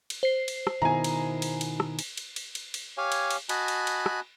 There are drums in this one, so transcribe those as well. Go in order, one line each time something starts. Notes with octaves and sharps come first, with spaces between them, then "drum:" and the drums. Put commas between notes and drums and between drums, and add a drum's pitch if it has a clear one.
drum: cymbal
C5 C7
drum: cymbal
drum: rim click
B2 D#3 E4 G#5 A#5
drum: cymbal
drum: cymbal
drum: cymbal
drum: rim click
drum: cymbal
drum: cymbal
drum: cymbal
drum: cymbal
drum: cymbal
G4 C#5 F5 G#5
drum: cymbal
drum: cymbal
F#4 D#5 G#5 A5 B5 F#6, drum: cymbal
drum: cymbal
drum: cymbal
drum: rim click